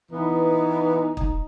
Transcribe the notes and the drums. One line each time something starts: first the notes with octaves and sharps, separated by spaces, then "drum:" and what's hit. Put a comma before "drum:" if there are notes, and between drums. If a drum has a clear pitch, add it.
E3 B3 D#4
drum: kick